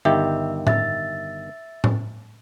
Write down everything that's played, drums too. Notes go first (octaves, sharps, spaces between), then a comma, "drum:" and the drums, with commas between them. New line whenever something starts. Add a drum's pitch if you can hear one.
G1 D#3 G4 E5
E5 A6, drum: tom A2
drum: tom A2